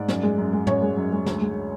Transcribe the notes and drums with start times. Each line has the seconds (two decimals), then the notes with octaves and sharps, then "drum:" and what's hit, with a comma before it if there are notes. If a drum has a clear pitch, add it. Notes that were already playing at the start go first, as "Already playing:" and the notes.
Already playing: G#2 D5
0.08 F#2, drum: snare
0.23 G#3
0.38 F#2
0.53 G#3
0.67 F#2 C#5, drum: tom
0.82 G#3
0.97 F#2
1.12 G#3
1.26 D2, drum: snare
1.41 G#3